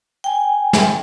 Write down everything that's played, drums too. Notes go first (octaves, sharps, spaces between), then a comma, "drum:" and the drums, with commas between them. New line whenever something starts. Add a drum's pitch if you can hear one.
G5 G#5
drum: snare